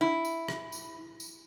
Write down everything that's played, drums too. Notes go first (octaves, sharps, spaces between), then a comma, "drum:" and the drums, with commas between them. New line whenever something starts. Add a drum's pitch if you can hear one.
E4
drum: tambourine
drum: rim click
drum: tambourine
drum: tambourine